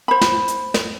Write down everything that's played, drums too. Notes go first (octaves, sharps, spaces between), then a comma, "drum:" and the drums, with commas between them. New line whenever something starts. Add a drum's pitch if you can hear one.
C5 B5
drum: snare
drum: hi-hat
drum: snare